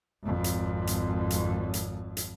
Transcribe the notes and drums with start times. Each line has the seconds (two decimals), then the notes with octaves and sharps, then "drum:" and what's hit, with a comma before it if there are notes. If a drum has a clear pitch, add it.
0.23 G#1 F2
0.44 drum: hi-hat
0.87 drum: hi-hat
1.30 drum: hi-hat
1.74 drum: hi-hat
2.17 drum: hi-hat